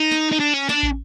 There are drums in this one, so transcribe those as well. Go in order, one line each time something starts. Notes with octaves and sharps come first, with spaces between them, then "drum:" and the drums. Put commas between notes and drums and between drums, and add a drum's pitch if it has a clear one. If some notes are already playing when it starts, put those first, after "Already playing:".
Already playing: D#4
drum: snare
D#4
D4
C#4
D4, drum: snare
drum: kick